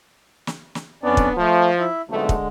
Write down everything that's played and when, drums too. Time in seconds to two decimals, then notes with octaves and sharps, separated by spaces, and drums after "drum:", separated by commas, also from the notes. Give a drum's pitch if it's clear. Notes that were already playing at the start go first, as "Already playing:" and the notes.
0.47 drum: snare
0.75 drum: snare
1.03 F2 B3 C#4 D4 D5
1.17 drum: kick
1.37 F3 A3
1.79 E4 E5
2.09 B1 F2 D3 G#3 A3
2.29 drum: kick